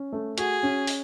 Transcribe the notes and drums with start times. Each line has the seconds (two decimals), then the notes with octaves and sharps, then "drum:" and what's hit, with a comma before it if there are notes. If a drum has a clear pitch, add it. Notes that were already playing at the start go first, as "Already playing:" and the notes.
Already playing: C#4
0.13 A3
0.38 F#4 G#4, drum: hi-hat
0.63 C#4
0.87 drum: open hi-hat